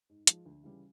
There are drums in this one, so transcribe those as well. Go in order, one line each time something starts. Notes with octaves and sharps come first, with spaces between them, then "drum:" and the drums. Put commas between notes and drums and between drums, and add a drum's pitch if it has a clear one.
G#2
F3 G#3, drum: hi-hat
D2
C#3 E3 G3